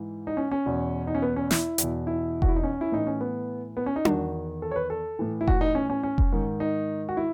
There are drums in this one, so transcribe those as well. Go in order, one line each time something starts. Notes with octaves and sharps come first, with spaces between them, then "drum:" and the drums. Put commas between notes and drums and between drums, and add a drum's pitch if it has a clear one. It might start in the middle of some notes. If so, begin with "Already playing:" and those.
Already playing: G#2 E3
D#4
C#4
C#4
E2 B2
D#4
C#4
B3
C#4
E4, drum: snare
E2 B2, drum: hi-hat
E4
F#4, drum: kick F1
E4
D#4
C#4
E4
A2 E3 D#4
C#4
B3
B3
C#4
D#4
E2 D#3 F#4, drum: tom D4
A4
C#5
B4
A4
A2 E3
E4
F#4, drum: kick F1
D#4
C#4
C#4
C#4
drum: kick F1
G#2 D#3
D#4
F#4
E4